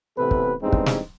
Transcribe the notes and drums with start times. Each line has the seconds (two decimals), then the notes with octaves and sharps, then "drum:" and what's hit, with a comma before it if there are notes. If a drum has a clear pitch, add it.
0.17 A1 C3 B3 A4 B4
0.31 drum: kick
0.62 A1 E2 G2 G#3 C4 D#4
0.72 drum: kick
0.86 drum: snare